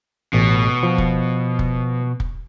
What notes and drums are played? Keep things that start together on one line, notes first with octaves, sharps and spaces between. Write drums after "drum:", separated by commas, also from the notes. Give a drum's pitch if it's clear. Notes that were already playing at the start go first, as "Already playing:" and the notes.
A1 B2
F3
drum: kick
drum: kick
drum: kick